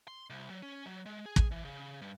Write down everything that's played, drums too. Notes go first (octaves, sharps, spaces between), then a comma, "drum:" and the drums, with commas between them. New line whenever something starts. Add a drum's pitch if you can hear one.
C6
C2
F#3
C#4
F#3
G#3
G#4
drum: kick
E3
C#3
G2